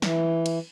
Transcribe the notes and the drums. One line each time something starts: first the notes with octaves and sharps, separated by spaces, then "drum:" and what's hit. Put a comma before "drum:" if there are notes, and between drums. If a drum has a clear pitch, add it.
E3, drum: snare
drum: cymbal